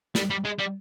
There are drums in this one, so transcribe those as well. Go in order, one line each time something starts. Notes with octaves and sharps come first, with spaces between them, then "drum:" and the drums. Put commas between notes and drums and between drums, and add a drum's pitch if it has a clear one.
G3, drum: snare
G3
G#3
G3